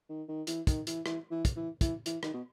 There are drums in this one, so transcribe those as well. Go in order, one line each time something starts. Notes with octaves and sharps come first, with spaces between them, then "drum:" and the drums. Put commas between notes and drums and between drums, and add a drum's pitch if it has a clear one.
D#3
D#3
E3, drum: hi-hat
D#3, drum: kick, hi-hat
E3, drum: hi-hat
E3, drum: rim click
E3
drum: kick, hi-hat
E3
E3, drum: kick, hi-hat
E3, drum: hi-hat
D#3, drum: rim click
B2